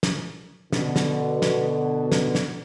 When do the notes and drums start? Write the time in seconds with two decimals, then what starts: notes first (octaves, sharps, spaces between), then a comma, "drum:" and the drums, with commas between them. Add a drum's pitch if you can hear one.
0.03 drum: snare
0.73 B2 D3, drum: snare
0.96 drum: snare
1.42 drum: snare
2.12 drum: snare
2.35 drum: snare